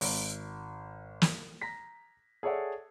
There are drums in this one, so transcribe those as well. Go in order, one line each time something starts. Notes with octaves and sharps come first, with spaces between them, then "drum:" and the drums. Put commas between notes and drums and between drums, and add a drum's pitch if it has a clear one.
G#1, drum: open hi-hat
drum: snare
A#5 A#6 B6
G#4 A4 C#5 D5 E5 F#5